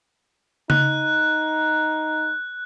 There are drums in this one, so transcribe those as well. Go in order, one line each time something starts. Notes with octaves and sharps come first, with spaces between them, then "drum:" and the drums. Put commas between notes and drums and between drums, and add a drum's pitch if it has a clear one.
D#4 F#6, drum: tom C#3